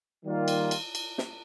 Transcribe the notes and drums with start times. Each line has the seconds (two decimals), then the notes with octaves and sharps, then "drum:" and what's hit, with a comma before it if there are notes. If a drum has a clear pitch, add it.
0.24 D#3 G3 A#3 F4
0.48 drum: cymbal
0.71 drum: cymbal
0.95 drum: cymbal
1.18 drum: snare